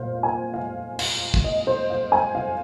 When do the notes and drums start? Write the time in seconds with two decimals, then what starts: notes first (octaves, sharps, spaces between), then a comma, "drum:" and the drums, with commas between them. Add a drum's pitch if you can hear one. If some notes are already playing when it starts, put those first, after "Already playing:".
Already playing: A#2 A#3 C5 F5
0.23 G#5
0.54 F5
0.99 F5, drum: cymbal
1.34 drum: kick
1.44 D#5
1.67 C5
1.90 F5
2.12 G#5
2.35 F5